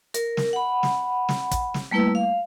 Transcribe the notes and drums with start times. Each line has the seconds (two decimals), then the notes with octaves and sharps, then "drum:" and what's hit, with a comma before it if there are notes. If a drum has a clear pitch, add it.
0.14 A#4, drum: hi-hat
0.37 drum: snare
0.53 F#5 B5
0.83 drum: snare
1.29 drum: snare
1.51 drum: kick, hi-hat
1.74 drum: snare
1.91 G3 A3 A#3 E4 B4 E6
2.15 F5